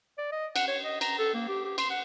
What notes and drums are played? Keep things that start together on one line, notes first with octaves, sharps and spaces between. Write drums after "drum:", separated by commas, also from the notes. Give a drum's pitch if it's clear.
D5
D#5
F#5, drum: cymbal
C#5
D#5
A#5, drum: cymbal
A4
A#3
G4
G4
C6, drum: cymbal
F#5